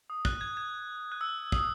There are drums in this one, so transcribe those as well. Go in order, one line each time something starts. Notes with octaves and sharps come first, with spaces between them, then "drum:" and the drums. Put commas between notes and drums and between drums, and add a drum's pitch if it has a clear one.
D#6
F#6, drum: kick
G#6
G#6
F#6
E6
D#6, drum: kick